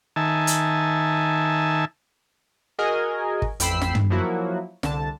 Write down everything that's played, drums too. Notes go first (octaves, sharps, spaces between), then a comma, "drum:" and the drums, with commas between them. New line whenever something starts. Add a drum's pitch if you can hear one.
D#3 E5 G#5 A5
drum: hi-hat
F#4 G#4 A#4 D#5 G#5
drum: kick
A1 F2 G5 B5 E6 C7, drum: hi-hat
drum: snare
drum: tom
F3 F#3 A#3 E4 F#4
C2 D3 A5, drum: snare